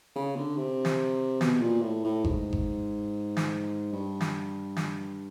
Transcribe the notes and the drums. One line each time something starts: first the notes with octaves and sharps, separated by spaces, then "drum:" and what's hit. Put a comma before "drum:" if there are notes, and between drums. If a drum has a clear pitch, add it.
C#3
D3
C3
drum: snare
B2, drum: snare
A#2
A2
A2
G#2, drum: kick G1
drum: kick G1
drum: snare
G2
drum: snare
drum: snare